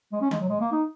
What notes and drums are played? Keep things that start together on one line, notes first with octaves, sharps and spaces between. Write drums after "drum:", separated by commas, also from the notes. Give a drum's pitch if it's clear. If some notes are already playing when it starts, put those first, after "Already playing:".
G#3
C#4
G#3, drum: tom D#3
F#3
G#3
A#3
D#4